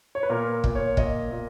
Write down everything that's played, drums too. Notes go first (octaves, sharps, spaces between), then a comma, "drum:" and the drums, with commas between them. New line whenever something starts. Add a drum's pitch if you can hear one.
C#5
B4
A#2 A#4
A#2, drum: kick
C#5
A#2 D#5, drum: kick
A#2